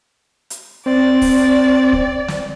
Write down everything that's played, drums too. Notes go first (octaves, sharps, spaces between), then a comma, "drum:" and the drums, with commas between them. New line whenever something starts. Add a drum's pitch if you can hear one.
drum: hi-hat
C4 D5
drum: kick, open hi-hat
drum: kick
drum: snare